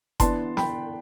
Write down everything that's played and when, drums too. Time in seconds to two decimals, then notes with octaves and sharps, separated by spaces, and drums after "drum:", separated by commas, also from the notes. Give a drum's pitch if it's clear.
0.20 E3 B3 D4 A5 C6, drum: kick F#1, hi-hat
0.57 G5 B5, drum: snare